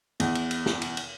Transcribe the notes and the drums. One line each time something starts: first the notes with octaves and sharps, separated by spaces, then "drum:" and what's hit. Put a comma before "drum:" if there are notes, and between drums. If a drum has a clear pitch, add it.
E2, drum: cymbal
drum: cymbal
drum: cymbal
drum: snare
drum: cymbal
drum: cymbal